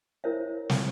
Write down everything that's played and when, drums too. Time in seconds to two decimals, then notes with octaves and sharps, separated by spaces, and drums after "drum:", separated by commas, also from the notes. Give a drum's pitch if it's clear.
0.24 E4 A#4 C5 C#5 E5
0.69 drum: snare